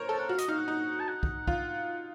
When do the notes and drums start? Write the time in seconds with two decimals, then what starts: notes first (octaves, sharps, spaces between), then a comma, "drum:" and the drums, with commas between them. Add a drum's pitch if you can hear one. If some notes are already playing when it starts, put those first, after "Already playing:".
Already playing: A#4 C5 C#5
0.09 A4 A5
0.19 F#5
0.29 F#4 F5
0.38 D#5, drum: hi-hat
0.48 D#4 F5
0.58 F#5
0.68 D#4
1.00 A5
1.08 F#5
1.23 drum: kick
1.47 F4, drum: kick